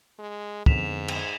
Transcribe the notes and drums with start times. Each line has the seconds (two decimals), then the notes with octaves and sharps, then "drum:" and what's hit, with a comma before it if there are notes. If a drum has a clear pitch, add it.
0.19 G#3
0.66 F2 G#2 D3 B3 B6 E7 F7, drum: kick
1.08 drum: cymbal